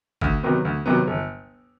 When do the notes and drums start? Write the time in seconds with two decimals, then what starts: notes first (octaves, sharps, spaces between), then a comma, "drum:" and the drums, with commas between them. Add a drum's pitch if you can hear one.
0.21 D2, drum: kick G1
0.43 C3 D#3 F#3 B3
0.65 D2
0.86 C3 D#3 F#3 B3
1.07 G1